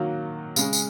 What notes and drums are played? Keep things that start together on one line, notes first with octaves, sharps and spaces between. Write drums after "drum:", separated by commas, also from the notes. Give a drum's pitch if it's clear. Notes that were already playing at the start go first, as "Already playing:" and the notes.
Already playing: D#3 F#3 A#3
C#3 G#3 C#4, drum: tambourine
drum: tambourine